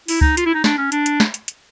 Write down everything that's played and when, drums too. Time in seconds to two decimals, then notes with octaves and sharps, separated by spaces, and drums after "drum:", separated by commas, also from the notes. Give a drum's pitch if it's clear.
0.08 E4, drum: open hi-hat
0.21 D#4, drum: kick C#2
0.37 F4, drum: hi-hat
0.46 E4
0.55 D#4
0.64 D4, drum: snare
0.78 C#4
0.92 D4, drum: hi-hat
1.06 drum: hi-hat
1.20 drum: snare
1.34 drum: hi-hat
1.48 drum: hi-hat